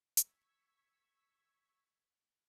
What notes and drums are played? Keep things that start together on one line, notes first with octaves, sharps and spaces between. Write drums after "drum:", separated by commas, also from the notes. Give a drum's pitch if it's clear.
C#6 E6 G#6 B6, drum: hi-hat